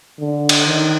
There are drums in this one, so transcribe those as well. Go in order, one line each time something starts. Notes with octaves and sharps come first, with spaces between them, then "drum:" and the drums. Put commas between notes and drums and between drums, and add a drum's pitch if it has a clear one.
D3
drum: cymbal
D#3